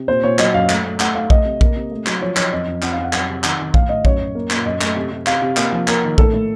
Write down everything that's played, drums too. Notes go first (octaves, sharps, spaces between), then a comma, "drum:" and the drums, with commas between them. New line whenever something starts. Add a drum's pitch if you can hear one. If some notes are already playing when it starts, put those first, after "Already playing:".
Already playing: C3
A#2 C5
A#2 C#5
F#3 D#5, drum: clap
F#2 F5
A3, drum: clap
A3
A3 F#5, drum: clap
A3 F5
A3 D#5, drum: kick A#1
C3
A#3, drum: kick A#1
C3
A3
F#3, drum: clap
F3 C#5
F3 C#5, drum: clap
F2 D#5
F2
F2 F#5, drum: clap
F5
F2 F#5
F#3 F#5, drum: clap
C3
D#3 F#5, drum: clap
D#3
A2 F5, drum: kick A#1
A2 D#5
F#2 C#5, drum: kick A#1
F#2
A#3
A#2, drum: clap
F#2 D#5
A3, drum: clap
C3
C3
C3 F5, drum: clap
C3
A#3 F5, drum: clap
F3
A#3 A#4, drum: clap
D#3
A2 A4, drum: kick A#1
A2